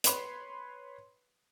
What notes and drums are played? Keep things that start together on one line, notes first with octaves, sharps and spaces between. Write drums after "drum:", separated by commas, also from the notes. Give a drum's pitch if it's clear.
B4 C#5 B5 C6, drum: hi-hat